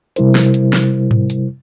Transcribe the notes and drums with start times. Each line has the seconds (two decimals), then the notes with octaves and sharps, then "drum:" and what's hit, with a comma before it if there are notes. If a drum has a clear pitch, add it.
0.16 C3 G3 E4 A#4 C5, drum: hi-hat
0.35 drum: snare
0.54 drum: hi-hat
0.73 drum: snare
1.11 drum: tom G#2
1.30 drum: hi-hat